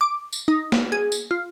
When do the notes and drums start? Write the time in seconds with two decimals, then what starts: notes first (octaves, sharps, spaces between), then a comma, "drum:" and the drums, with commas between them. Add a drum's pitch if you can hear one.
0.01 D6
0.33 drum: tambourine
0.48 D#4
0.72 drum: snare
0.92 G#4
1.12 drum: tambourine
1.31 F4